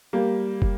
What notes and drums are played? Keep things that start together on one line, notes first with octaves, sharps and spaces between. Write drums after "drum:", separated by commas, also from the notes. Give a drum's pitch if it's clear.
G3 A#3
drum: kick